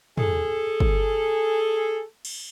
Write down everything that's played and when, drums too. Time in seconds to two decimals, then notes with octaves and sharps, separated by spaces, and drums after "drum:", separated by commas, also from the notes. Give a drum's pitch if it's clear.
0.17 G#4 A4, drum: tom
0.80 drum: kick
2.25 drum: cymbal